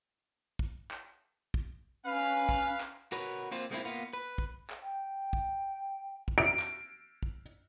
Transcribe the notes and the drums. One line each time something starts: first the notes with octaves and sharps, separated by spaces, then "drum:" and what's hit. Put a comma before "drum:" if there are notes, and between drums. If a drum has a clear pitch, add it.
drum: kick
drum: clap
drum: kick
C#4 B4 F5
drum: kick
drum: clap
F#4 A#4 B4 C#5
A#3 C4 F4 C5
G#3 A#3 C4 C#4 E4 F4
A#3 B3 F4
B4
drum: kick
drum: clap
G5
drum: kick
drum: kick
D7
drum: clap
drum: kick